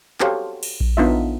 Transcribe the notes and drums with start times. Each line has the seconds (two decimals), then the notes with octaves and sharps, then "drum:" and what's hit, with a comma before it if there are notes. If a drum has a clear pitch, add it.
0.20 F#4 G4 A4 C5 C#5 F5, drum: clap
0.63 drum: cymbal
0.80 drum: kick A#1
0.97 B3 D4 D#4 F4 D#5 E5